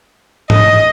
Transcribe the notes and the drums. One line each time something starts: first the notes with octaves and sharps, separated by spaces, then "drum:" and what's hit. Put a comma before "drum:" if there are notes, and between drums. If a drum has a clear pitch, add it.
D#5, drum: tom G#2